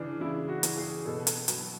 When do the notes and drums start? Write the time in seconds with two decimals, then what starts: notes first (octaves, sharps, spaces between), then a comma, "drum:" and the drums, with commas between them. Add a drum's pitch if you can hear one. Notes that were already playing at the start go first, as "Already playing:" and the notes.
Already playing: C#3 E3 D4
0.20 C#3 E4
0.49 F#4
0.63 E3, drum: hi-hat
0.77 G#4
1.05 B2 A4
1.27 drum: hi-hat
1.48 F#3, drum: hi-hat